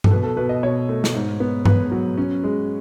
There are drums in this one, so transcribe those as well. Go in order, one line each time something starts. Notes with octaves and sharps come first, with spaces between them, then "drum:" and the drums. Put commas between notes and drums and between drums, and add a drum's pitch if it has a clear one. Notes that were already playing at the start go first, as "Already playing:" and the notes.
A4, drum: tom G2
B2 B4
A4
B2 B4
D#5
B2 C#5
A3
drum: snare
G#2
B3
B3 B4, drum: tom G2
F#3
C#4
G#3